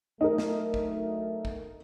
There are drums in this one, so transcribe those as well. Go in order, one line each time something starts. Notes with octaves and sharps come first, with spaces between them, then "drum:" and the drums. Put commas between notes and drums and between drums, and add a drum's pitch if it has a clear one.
D2 F#3 A3 D#4 A#4
drum: snare
drum: kick A1
drum: kick A1